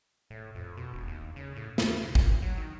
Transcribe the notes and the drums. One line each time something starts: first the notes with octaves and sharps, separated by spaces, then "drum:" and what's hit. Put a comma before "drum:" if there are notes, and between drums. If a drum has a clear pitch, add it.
A2
F2
B2
E1
D#2
C#3
A2
D#2, drum: snare
C3
G2, drum: kick
F#3
D#3